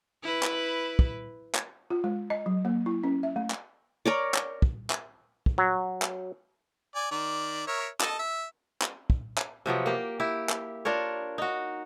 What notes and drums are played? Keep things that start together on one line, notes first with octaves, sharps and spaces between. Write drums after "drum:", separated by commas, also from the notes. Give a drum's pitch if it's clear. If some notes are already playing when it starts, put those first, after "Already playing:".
E4 B4
drum: clap
drum: kick
drum: clap
F4
G#3
D#5
F#3
A#3
E4
C#4
E5
A3
drum: clap
A#4 C#5 D5
drum: clap
drum: kick
drum: clap
drum: kick
F#3
drum: clap
D5 G#5
D#3 D5
A#4 C#5 E5
A4 D#5 A5, drum: clap
E5
drum: clap
drum: kick
drum: clap
C3 F3 F#3 B3
A#3 G4
E4 G4
drum: clap
D4 F4 A#4 C#5
D#4 F#4